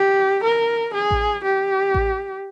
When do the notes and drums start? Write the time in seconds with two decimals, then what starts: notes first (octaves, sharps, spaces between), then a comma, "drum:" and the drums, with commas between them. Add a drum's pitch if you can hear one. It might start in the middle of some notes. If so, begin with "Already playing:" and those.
Already playing: G4
0.44 A#4
0.94 G#4
1.11 drum: kick A1
1.44 G4
1.94 drum: kick A1